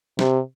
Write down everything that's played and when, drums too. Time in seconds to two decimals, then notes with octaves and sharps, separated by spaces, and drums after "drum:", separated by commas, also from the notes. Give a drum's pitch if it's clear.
0.19 C3, drum: snare